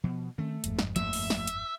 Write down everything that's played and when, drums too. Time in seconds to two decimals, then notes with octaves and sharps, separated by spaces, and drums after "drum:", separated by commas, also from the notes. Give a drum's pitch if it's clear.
0.04 B2 F3 B3
0.38 D#3 A3 C4 C#4
0.64 G1 F2 G#2, drum: hi-hat
0.79 drum: snare
0.96 F3 A3 A#3 E5, drum: hi-hat
1.13 drum: open hi-hat
1.30 drum: snare
1.47 drum: hi-hat